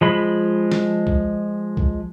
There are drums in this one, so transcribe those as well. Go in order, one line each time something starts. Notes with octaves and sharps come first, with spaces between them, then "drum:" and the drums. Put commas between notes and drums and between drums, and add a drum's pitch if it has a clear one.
F3 G#3 B5
drum: snare
drum: kick B1
drum: kick B1